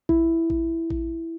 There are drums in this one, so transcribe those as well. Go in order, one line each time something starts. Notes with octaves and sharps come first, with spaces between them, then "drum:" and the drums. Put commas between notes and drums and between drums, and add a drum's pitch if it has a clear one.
E4, drum: kick A#1
drum: kick A#1
drum: kick A#1